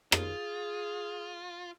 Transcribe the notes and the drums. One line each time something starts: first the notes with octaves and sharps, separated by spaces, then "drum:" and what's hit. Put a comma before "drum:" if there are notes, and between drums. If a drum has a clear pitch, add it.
F4 G#4, drum: rim click